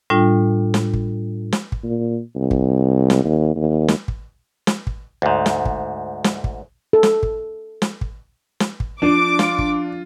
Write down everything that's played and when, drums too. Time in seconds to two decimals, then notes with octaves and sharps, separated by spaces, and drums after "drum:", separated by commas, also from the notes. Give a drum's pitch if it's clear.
0.10 A2 G3 D4 F4 G5
0.74 drum: snare
0.93 drum: kick
1.52 drum: snare
1.72 drum: kick
1.84 A#2
2.36 C2
2.51 drum: kick
3.10 drum: snare
3.24 D#2
3.56 D#2
3.88 drum: snare
4.08 drum: kick
4.67 drum: snare
4.87 drum: kick
5.22 D2 G#2
5.46 drum: snare
5.65 drum: kick
6.24 drum: snare
6.44 drum: kick
6.93 A4
7.03 drum: snare
7.23 drum: kick
7.82 drum: snare
8.01 drum: kick
8.60 drum: snare
8.80 drum: kick
9.02 F3 D4 D6
9.39 F4, drum: snare
9.59 drum: kick